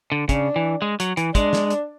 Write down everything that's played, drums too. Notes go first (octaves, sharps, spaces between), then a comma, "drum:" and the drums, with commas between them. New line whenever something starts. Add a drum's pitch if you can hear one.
D3
C#3 D4, drum: kick, hi-hat
E3
G#3
F#3, drum: hi-hat
E3, drum: hi-hat
G#3 D4, drum: kick, hi-hat
drum: snare
drum: hi-hat